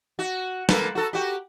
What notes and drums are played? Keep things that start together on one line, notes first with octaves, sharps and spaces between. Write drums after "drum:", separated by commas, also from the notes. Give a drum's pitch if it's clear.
F#4
A#3 A4 B4, drum: snare
F#4 A4
F#4 G4